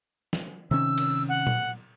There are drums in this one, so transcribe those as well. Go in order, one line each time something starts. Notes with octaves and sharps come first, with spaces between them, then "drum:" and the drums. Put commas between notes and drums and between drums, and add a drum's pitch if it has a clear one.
drum: snare
C3 D#3 C#4 E6
drum: cymbal
F#5
drum: tom A#2